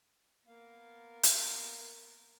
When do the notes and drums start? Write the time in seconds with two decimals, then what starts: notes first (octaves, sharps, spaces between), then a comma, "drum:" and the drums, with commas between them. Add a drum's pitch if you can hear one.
0.47 A#3 B3 A#4 F5
1.23 drum: hi-hat